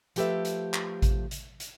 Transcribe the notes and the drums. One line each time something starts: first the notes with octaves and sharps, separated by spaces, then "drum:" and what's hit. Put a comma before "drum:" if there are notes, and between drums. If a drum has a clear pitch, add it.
F3 A3 G4 A4 B4 E5, drum: hi-hat
drum: hi-hat
drum: clap
drum: kick A1, hi-hat
drum: hi-hat
drum: hi-hat